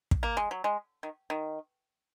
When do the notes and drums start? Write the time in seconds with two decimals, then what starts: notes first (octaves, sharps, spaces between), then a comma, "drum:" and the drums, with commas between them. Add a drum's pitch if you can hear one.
0.11 drum: kick
0.23 A#3
0.37 G#3
0.51 F#3
0.64 G#3
1.03 D#3
1.30 D#3